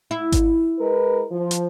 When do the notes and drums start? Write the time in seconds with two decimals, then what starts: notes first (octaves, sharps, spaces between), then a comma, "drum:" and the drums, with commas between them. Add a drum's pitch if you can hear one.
0.11 E4
0.32 drum: kick G#1, hi-hat
0.80 G#3 A#4 B4
1.32 F3
1.51 drum: hi-hat